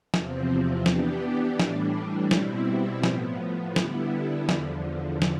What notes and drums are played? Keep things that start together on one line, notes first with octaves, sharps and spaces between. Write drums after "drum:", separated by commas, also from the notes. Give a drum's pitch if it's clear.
E2 C3 F3 C4, drum: snare
E3 B3 D4 G4, drum: snare
A2 E3 G3 D4, drum: snare
B2 G3 C4 E4, drum: snare
A2 F3 B3, drum: snare
D3 G3 B3 E4, drum: snare
E2 D3 F3, drum: snare
drum: snare